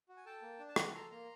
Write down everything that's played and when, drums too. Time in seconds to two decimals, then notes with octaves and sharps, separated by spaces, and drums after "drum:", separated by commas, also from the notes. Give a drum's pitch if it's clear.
0.09 F#4
0.17 G#5
0.26 A4 G5 A5
0.42 A#3
0.59 D4
0.69 A5
0.76 F#4 G#5 A#5, drum: rim click
0.94 A4 A#5 C6
1.11 A#3 A#5 C6